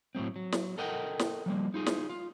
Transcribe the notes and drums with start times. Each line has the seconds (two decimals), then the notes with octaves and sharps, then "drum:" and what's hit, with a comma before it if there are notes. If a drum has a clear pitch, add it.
0.15 A2 F#3 G#3 C4
0.36 F#3
0.52 drum: snare
0.78 A4 A#4 D#5 F#5 G5
1.19 drum: snare
1.46 F3 G3 A#3
1.74 D#4 F4 G#4
1.86 drum: snare
2.10 F4